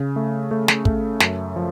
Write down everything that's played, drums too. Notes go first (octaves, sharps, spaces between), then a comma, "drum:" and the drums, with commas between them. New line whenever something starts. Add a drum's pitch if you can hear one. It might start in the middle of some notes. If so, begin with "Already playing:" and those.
Already playing: C#3
A3
A3
drum: snare
A3, drum: kick
F#2, drum: snare
F3